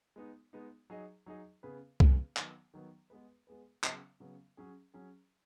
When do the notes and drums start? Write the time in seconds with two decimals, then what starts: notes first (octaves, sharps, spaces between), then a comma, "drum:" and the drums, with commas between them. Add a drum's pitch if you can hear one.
0.16 G#3 B3 D#4
0.53 G#3 B3 D#4
0.90 F#3 D#4 G#4 D#5
1.26 F#3 D#4 G#4 D#5
1.63 C#3 B3 G#4 B4
2.00 C#3 B3 G#4 B4, drum: kick
2.37 D#3 F#3 B3, drum: clap
2.74 D#3 F#3 B3
3.10 G#3 B3 G#4 B4
3.47 G#3 B3 G#4 B4
3.84 C#3 F#3 B3, drum: clap
4.20 C#3 F#3 B3
4.57 F#3 C#4 G#4
4.94 F#3 C#4 G#4